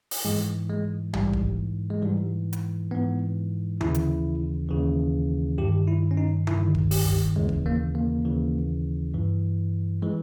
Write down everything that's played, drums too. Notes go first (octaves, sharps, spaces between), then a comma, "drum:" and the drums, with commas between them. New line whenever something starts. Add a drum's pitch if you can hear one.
drum: open hi-hat
G#2 E3 G#3
G#3
G#2 E3 G3, drum: tom A#1
drum: kick E1
G#3
G#2 E3 G3
drum: hi-hat
G#2 E3 B3
D#2 C#3 E3 E4, drum: tom D3
drum: hi-hat
D#2 C#3 E3
G2 D#3 G4
E4
C#4
D#4
G2 D#3 E4, drum: tom D3
drum: kick E1
G4, drum: open hi-hat
drum: kick E1
D#2 C#3 E3 G#3
drum: kick E1
A#3
A#3
D#2 C#3 E3
G2 E3
E3 G#3